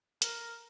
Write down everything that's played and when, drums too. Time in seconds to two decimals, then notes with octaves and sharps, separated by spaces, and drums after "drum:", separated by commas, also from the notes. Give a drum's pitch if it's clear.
0.22 A#4, drum: hi-hat